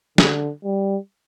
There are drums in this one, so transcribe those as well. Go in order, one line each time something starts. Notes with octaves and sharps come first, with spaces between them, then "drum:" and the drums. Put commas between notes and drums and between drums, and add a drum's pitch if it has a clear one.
D3, drum: snare
G3